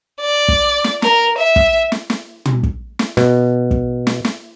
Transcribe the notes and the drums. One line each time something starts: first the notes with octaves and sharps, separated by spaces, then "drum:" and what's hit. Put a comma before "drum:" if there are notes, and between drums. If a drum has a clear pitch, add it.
D5
drum: kick
drum: snare
A#4, drum: snare
E5
drum: kick
drum: snare
drum: snare
drum: tom
drum: kick
drum: snare
B2, drum: snare
drum: kick
drum: snare
drum: snare